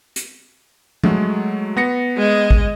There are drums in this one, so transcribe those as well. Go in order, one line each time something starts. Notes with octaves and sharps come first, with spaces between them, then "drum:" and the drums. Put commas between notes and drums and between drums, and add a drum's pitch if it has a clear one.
drum: hi-hat
F#3 G#3 A3, drum: tom F3
B3 A#6 C#7
G#3 D#5
drum: kick G#1